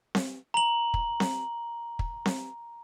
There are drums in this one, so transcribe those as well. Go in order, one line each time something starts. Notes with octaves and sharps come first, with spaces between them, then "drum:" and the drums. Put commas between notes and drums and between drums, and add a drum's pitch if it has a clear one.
drum: snare C4
A#5 F#7
drum: kick
drum: snare C4
drum: kick
drum: snare C4